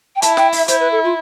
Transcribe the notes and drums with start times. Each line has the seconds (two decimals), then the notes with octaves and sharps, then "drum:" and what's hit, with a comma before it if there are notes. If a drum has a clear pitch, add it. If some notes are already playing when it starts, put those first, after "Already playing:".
0.16 G5
0.22 E4 A5, drum: hi-hat
0.37 G5, drum: snare
0.52 E5, drum: open hi-hat
0.68 E4 C5, drum: hi-hat
0.80 B4
0.92 A4
1.04 F4